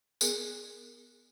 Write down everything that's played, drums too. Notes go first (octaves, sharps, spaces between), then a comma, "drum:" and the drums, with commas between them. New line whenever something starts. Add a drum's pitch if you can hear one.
B3 G#4 A#4, drum: tambourine